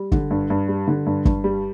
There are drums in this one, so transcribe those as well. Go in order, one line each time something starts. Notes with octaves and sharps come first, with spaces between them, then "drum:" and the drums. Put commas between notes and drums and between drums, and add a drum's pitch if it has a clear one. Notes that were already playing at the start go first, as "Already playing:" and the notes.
Already playing: G3
D3, drum: kick
G2
G2
G3
D3
G2
G2, drum: kick
G3